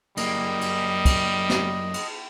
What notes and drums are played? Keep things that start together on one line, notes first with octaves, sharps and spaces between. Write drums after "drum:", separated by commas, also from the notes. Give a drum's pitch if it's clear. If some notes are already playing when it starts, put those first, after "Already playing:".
F#2 G3 A#3 D#5, drum: cymbal
drum: cymbal
drum: kick, cymbal
drum: snare
drum: cymbal